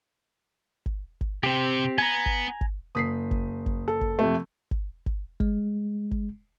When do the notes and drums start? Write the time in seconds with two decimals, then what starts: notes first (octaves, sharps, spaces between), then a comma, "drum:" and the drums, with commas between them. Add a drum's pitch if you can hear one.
0.86 drum: kick G1
1.21 drum: kick G1
1.43 C3 C4 G4
1.98 B3 G#5 A#5
2.26 drum: kick G1
2.61 drum: kick G1
2.95 F#1 D#6 B6 C7
3.31 drum: kick G1
3.66 drum: kick G1
3.88 A4
4.01 drum: kick G1
4.19 F2 C3 A3
4.71 drum: kick G1
5.06 drum: kick G1
5.40 G#3, drum: kick G1
6.11 drum: kick G1